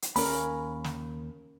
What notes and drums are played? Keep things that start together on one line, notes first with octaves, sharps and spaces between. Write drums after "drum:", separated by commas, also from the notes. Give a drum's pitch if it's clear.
drum: hi-hat
D#2 A#3 C#4 A#4 B5, drum: open hi-hat
drum: snare